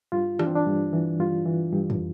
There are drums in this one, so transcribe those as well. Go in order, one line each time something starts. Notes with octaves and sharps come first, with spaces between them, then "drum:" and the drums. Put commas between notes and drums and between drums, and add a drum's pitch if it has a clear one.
G2 F4
E3 D4, drum: rim click
C4
D4
G2
E3
G2 F4
E3
G2
drum: tom F2